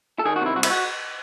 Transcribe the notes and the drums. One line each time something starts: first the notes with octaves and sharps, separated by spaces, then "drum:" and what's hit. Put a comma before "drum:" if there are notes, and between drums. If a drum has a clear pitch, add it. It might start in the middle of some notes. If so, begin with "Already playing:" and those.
A4
D#3 G#4
F#4
C3 E4
C2 F#4
E4, drum: cymbal
F#4